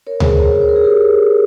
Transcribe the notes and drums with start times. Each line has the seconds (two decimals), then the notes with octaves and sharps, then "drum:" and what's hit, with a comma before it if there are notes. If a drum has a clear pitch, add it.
0.07 A#4 C#5
0.20 G#4 C5, drum: tom D2
0.29 C#5
0.34 G#4 C5
0.47 G#4 C5
0.61 C5
0.69 A#4
0.76 G#4
0.84 G4 A#4